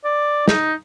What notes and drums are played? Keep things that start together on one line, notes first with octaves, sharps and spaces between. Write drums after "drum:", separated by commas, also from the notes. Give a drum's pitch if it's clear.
D5
D#4, drum: snare